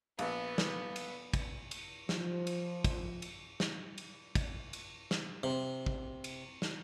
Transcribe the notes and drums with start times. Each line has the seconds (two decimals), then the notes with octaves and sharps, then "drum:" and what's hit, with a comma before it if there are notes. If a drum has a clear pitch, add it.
0.19 A#1 B3, drum: cymbal
0.58 drum: snare
0.96 drum: cymbal
1.34 drum: kick, cymbal
1.71 drum: cymbal
2.09 F3, drum: snare
2.47 drum: cymbal
2.84 drum: kick, cymbal
3.22 drum: cymbal
3.60 drum: snare
3.98 drum: cymbal
4.35 drum: kick, cymbal
4.73 drum: cymbal
5.11 drum: snare
5.43 C3
5.86 drum: kick
6.24 drum: cymbal
6.62 drum: snare